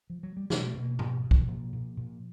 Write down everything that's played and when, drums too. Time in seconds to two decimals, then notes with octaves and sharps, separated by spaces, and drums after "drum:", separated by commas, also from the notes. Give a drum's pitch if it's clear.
0.10 F3
0.23 F#3
0.37 G3
0.50 B2 G#3, drum: snare
0.67 A3
0.74 B2
0.82 A#3
0.99 B2 B3, drum: tom G#2
1.24 B2
1.31 F3, drum: kick
1.48 A#2 F3
1.73 A#2
1.97 A#2